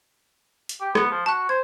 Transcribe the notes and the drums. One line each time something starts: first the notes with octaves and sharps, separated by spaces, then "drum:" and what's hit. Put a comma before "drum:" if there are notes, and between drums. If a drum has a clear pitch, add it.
drum: hi-hat
G4
B3, drum: rim click
F3
F#4 A5 F#6
C5 G#6